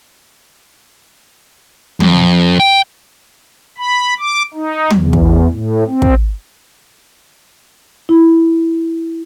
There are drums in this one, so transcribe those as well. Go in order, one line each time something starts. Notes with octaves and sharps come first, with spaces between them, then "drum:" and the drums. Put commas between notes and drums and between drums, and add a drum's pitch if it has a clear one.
F2, drum: tom
G5
B5
D6
D#4
E2, drum: tom
drum: kick
A2
C4
drum: kick
E4